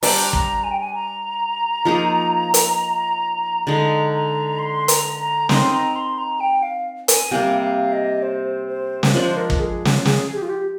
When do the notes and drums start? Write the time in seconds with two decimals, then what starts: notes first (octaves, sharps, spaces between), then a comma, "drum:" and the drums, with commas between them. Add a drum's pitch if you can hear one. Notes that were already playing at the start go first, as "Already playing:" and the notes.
0.03 G3 D4 G4 C5 A#5, drum: open hi-hat
0.33 A#5, drum: kick
0.64 G#5
0.71 G5
0.80 G#5
0.94 A#5
1.85 F3 A#3 D#4 G#4
2.54 drum: hi-hat
3.67 D3 G#3 D#4 A#5
4.13 A#5
4.59 C6
4.88 A#5, drum: hi-hat
5.20 A#5
5.49 C4 D#4 A#4 D#5 C6, drum: snare
5.73 A#5
5.95 C6
6.18 A#5
6.40 G5
6.63 F5
7.08 G#5, drum: hi-hat
7.31 C3 G3 A#3 F5
7.62 F5
7.93 D#5
8.23 C5
8.68 C5
9.03 A#4, drum: snare
9.14 F3 G#3 D4 C5
9.37 A#4
9.50 drum: kick
9.59 G#4
9.85 drum: snare
10.05 G#4, drum: snare
10.35 G4
10.42 F4
10.49 G4